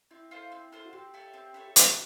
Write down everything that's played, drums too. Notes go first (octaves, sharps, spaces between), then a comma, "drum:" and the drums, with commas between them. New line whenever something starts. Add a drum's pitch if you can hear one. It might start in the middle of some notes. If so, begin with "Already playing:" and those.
C4 E4
F4 A4 C5
C4
F4 A4 C5
F#4
C4 G4
E4 A4 C#5
C4
E4 A4 C#5
E4 F#4, drum: hi-hat